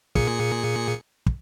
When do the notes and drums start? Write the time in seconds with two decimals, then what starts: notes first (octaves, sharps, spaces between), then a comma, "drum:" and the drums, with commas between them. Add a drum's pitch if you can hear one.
0.15 A#2 G#4 C#7, drum: kick
1.26 drum: kick